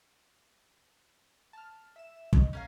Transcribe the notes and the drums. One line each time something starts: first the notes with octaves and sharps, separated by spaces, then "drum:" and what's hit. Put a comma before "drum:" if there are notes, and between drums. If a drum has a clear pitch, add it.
A5 F6
E5 E7
D#5, drum: kick
A#1 C#4 A#4 F5